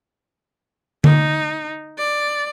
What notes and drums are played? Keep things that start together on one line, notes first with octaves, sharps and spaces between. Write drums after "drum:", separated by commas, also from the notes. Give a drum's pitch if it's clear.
D#4, drum: tom D3
D5